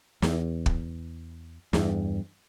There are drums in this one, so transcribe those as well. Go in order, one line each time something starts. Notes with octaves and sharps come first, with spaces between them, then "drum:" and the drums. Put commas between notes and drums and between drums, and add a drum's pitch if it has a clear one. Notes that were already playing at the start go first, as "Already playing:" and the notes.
E2, drum: snare
drum: kick
E2 G2, drum: snare